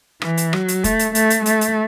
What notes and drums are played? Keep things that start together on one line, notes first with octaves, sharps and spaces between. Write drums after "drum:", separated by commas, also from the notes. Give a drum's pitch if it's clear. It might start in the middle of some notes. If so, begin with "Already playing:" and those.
E3, drum: rim click
drum: hi-hat
F#3, drum: rim click
drum: hi-hat
A3, drum: kick, hi-hat
drum: hi-hat
A3, drum: hi-hat
drum: hi-hat
A3, drum: hi-hat
drum: hi-hat